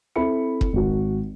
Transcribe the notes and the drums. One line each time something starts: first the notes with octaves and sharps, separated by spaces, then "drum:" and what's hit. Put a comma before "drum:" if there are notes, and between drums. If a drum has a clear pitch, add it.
C4 E4 A4 E5 B5 C#7
drum: kick
G#1 F#4